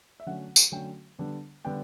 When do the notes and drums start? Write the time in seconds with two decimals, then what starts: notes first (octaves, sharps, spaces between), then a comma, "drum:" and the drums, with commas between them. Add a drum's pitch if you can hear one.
0.20 E5
0.26 D3 F#3 A3 C#4 F#5
0.56 drum: tambourine
0.72 D3 F#3 A3 C#4 G5
1.18 D3 G3 B3 D4
1.65 D3 G3 B3 D4 G5